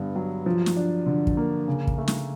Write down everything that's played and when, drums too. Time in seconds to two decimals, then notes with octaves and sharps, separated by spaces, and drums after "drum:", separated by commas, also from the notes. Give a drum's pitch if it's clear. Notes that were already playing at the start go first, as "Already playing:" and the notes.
Already playing: G2 D3 B3
0.16 F#3
0.46 F3
0.66 drum: snare
0.77 D4
1.06 D3
1.27 drum: kick
1.37 A#3
1.68 C#3
1.87 drum: kick
1.98 A3
2.08 drum: snare